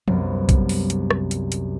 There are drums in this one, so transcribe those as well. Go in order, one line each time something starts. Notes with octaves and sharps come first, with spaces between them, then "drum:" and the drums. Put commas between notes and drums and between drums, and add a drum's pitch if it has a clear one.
C2 F#2 B3, drum: tom F3
drum: kick, hi-hat
drum: open hi-hat
drum: hi-hat
drum: rim click
drum: hi-hat
drum: hi-hat